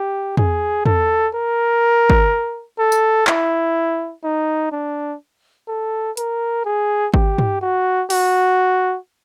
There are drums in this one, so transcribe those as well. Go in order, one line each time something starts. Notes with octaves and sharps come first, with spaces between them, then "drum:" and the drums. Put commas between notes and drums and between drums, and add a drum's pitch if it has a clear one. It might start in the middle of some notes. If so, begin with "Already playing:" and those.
Already playing: G4
G#4, drum: tom
A4, drum: tom
A#4
drum: kick G#1
A4
drum: tambourine
E4, drum: clap
D#4
D4
A4
A#4, drum: hi-hat
G#4
G4, drum: kick G#1
drum: tom
F#4
F#4, drum: open hi-hat